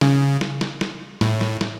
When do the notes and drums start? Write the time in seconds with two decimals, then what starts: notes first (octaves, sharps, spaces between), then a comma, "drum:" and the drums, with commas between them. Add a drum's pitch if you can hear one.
0.01 C#3, drum: snare
0.41 drum: snare
0.61 drum: snare
0.81 drum: snare
1.21 A2, drum: snare
1.41 drum: snare
1.61 drum: snare